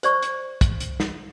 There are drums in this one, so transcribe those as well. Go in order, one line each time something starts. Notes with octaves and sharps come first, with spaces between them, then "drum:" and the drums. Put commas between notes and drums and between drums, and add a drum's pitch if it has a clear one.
C5 D5 C#6, drum: hi-hat
drum: hi-hat
drum: kick, hi-hat
drum: hi-hat
drum: snare